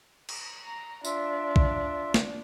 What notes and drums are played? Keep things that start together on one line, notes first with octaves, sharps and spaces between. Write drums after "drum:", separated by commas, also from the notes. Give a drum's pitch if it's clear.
drum: cymbal
A#5
D4 F4 E5, drum: tambourine
drum: kick B1
drum: snare